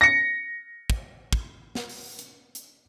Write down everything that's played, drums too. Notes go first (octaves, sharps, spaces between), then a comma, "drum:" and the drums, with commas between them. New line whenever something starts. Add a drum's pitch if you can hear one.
A#6 C#7
drum: kick
drum: kick
drum: snare
drum: open hi-hat
drum: hi-hat
drum: hi-hat